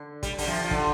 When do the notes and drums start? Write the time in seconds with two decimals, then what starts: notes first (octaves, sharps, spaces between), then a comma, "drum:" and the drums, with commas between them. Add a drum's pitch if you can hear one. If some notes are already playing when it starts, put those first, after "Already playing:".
Already playing: D3
0.23 G3, drum: kick, hi-hat
0.38 D3 G3, drum: open hi-hat
0.47 C3 F3
0.64 F3
0.71 D3, drum: kick